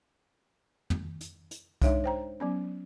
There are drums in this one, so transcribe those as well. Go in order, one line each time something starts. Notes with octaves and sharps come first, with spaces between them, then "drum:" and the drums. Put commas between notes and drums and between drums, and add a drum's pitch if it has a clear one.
drum: tom
drum: hi-hat
drum: hi-hat
G#3 D4 D#4 C#5 E5, drum: kick C2, hi-hat
C5 G5 A#5
F#3 B3 C#4